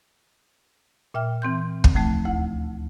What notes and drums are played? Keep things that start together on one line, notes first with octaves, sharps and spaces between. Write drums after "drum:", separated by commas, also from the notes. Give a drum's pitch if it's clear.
A#2 E5 G5 F6
E3 C4 C6 G6
drum: kick
D#2 F3 A3 A5
D2 E4 F#5